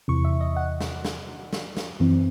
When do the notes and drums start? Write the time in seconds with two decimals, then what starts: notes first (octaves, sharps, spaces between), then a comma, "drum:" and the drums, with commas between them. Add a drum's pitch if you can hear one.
0.08 E2 C3 E3 C#6
0.25 E5
0.41 D#5
0.56 F#5
0.81 drum: snare
1.05 drum: snare
1.53 drum: snare
1.77 drum: snare
2.00 F#2 E3 C4